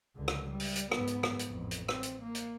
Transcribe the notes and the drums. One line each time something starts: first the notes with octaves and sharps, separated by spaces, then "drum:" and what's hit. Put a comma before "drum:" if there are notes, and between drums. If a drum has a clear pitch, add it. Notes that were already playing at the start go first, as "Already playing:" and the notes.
C#2 D3
drum: rim click
G3
drum: open hi-hat
drum: hi-hat
G#2 B3, drum: rim click
drum: hi-hat
drum: rim click
drum: hi-hat
A1 F2
drum: hi-hat
C4, drum: rim click
drum: hi-hat
A#3
drum: hi-hat